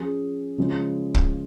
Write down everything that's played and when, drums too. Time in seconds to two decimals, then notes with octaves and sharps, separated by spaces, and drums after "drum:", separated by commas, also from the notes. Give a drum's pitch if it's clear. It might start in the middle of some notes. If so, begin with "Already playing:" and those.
Already playing: F3 C#4 G#4
0.58 C#3 F3 G#3
1.14 drum: kick